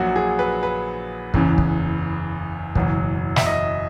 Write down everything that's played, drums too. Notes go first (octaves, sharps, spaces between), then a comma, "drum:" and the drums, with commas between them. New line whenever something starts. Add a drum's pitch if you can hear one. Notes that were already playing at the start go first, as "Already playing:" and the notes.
Already playing: A#1 A#2 F#3 F#4
G#4
B4
B4
F#1 E2 C#3, drum: kick
drum: kick
F#1 E2 B2 F#3, drum: kick
E5, drum: snare
D#5